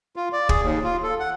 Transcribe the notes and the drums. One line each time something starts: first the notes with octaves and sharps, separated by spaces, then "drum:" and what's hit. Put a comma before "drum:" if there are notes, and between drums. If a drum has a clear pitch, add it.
F4
D5
G#4, drum: kick
D#2
F4
A4
F#5